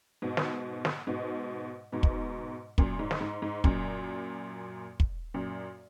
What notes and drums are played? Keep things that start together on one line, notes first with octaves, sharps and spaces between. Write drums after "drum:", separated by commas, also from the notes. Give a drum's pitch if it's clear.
G#2 B2
drum: snare
drum: snare
G#2 B2
G#2 B2
drum: kick
F#2 A#2, drum: kick
G#2
drum: snare
G#2
G#2
F#2 A#2, drum: kick
drum: kick
F#2 A#2